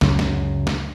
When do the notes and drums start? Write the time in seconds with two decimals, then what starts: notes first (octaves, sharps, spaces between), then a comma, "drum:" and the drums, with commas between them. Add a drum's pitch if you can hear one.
0.01 C#2 F#2 C#3 F#3, drum: snare
0.19 drum: snare
0.67 drum: snare